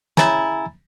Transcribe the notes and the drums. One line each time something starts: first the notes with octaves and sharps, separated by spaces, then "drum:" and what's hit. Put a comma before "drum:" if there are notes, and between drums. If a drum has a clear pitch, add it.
C#3 E4 G#5 A#5 A6, drum: snare